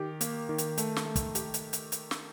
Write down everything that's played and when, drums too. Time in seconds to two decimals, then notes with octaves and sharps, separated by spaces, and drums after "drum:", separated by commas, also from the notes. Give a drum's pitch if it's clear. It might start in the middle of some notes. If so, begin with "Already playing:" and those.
Already playing: D#3 G4
0.21 A#3, drum: hi-hat
0.49 D#3
0.58 drum: hi-hat
0.78 A3, drum: hi-hat
0.96 drum: snare
1.06 A3
1.16 drum: kick, hi-hat
1.35 G4, drum: hi-hat
1.54 drum: hi-hat
1.73 drum: hi-hat
1.92 drum: hi-hat
2.11 drum: snare